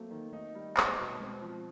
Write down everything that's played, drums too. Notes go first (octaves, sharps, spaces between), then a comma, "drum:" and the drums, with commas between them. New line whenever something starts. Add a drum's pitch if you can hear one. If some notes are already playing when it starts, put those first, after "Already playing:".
Already playing: F#3 A3 A#3 C4
D#3
A3 D#4
G3
B3, drum: clap
B2
G#3 C4
F3